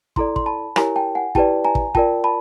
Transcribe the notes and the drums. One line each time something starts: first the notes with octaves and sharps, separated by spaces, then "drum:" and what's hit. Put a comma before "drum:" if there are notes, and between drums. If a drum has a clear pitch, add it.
E4 A4 D5 A#5 C6, drum: kick
C6, drum: kick
A5 B5
E4 G4 A#4 C#5 G#5 A#5, drum: rim click
G5 A5
F#5 G#5
E4 G4 B4 D5 G5 A5, drum: kick
G#5 A#5
drum: kick
F4 A#4 D5 G5 A5, drum: kick
A5 B5